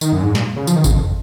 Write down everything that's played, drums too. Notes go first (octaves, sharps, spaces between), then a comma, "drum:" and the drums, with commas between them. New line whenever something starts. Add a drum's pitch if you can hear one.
D#3, drum: tambourine
F#2
G#2
A#2, drum: snare
C#3
F3, drum: tambourine
D#3
C#3, drum: kick G#1, tambourine
F2